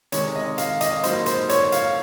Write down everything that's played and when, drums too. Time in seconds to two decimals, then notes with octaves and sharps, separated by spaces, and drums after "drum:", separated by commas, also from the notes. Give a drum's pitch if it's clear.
0.12 C3 D#3 G#3 C#5, drum: hi-hat
0.36 D#5
0.58 F5, drum: hi-hat
0.81 D#5, drum: hi-hat
1.03 G#2 F#3 A#3 D#4 C5, drum: hi-hat
1.26 C5, drum: hi-hat
1.49 C#5, drum: hi-hat
1.72 F5, drum: hi-hat